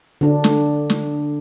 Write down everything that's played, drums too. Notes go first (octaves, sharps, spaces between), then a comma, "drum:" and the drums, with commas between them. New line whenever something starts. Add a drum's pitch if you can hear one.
D3 D4
drum: snare
drum: snare